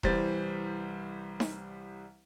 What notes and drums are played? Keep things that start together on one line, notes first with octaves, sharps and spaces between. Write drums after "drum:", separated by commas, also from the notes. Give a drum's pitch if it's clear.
C2 E3 G3 C5 A6, drum: kick E1
drum: snare D#4